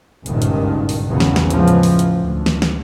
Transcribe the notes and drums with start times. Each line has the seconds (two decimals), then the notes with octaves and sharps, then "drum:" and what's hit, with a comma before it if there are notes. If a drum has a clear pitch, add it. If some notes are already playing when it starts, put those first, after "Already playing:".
0.26 F#1 C#2 G2 A#2 D#3, drum: hi-hat
0.42 drum: hi-hat
0.89 drum: open hi-hat
1.10 A#1 E2 A#2 C#3 F#3
1.20 drum: snare
1.36 drum: snare
1.50 C#2 A2 E3 F3, drum: hi-hat
1.68 drum: hi-hat
1.83 drum: open hi-hat
1.99 drum: hi-hat
2.20 D2
2.46 drum: snare
2.62 drum: snare